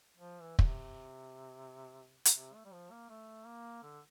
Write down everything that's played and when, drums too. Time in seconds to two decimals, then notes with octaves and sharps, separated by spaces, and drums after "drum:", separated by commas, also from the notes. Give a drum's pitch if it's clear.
0.17 F3
0.41 E3
0.59 A#2, drum: kick
0.65 C3
2.25 drum: hi-hat
2.36 C3
2.54 A3
2.65 G3
2.73 F3
2.91 A#3
3.10 A3
3.46 A#3
3.83 D3